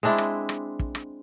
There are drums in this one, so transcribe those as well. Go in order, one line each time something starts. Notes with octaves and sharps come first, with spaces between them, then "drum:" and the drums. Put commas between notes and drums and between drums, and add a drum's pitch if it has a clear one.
G#3 C4 D4 E4
drum: rim click
drum: rim click
drum: kick
drum: rim click